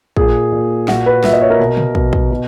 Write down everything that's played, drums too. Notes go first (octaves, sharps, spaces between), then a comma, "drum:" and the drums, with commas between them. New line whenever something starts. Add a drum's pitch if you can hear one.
A#2 G#4, drum: kick
A#2
A#2 F#4, drum: snare
B4
A#2 E5, drum: snare
D#5
C#5
A#4
B2
drum: tom
B2, drum: kick
drum: kick
B2